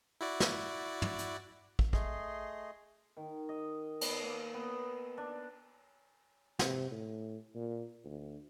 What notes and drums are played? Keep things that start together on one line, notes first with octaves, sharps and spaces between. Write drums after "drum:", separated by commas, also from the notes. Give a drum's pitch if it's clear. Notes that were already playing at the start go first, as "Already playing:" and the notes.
E4 F#4 D5
drum: snare
drum: tom
drum: hi-hat
drum: kick
A3 G#4 D#5 C6, drum: kick
D#3
D#5
B3, drum: cymbal
A#3
B3
D4
C3, drum: snare
A2
A#2
D2